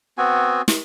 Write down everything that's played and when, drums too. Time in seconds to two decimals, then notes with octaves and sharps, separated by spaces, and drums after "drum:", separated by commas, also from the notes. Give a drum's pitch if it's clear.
0.18 B3 C4 F#4 G#5
0.68 drum: snare